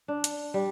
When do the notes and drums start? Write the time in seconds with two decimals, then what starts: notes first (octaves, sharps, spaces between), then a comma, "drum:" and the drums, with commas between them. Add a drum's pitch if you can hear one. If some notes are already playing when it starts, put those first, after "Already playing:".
0.08 D4
0.24 drum: hi-hat
0.54 G3